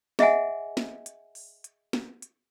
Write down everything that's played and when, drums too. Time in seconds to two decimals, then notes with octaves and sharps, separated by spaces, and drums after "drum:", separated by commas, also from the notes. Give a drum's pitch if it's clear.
0.19 G#4 D#5 E5 F#5 G#5, drum: snare
0.77 drum: snare
1.06 drum: hi-hat
1.35 drum: open hi-hat
1.64 drum: hi-hat
1.93 drum: snare
2.22 drum: hi-hat